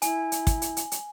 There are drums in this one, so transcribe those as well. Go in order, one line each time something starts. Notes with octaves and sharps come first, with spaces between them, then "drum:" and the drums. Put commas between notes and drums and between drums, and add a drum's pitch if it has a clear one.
E4 G#5, drum: hi-hat
drum: hi-hat
drum: kick, hi-hat
drum: hi-hat
drum: hi-hat
drum: hi-hat